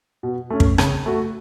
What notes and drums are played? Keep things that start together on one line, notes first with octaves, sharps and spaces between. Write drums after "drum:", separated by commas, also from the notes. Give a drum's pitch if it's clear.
B2
A3 C#4
drum: kick
C#3, drum: rim click
A3 F#4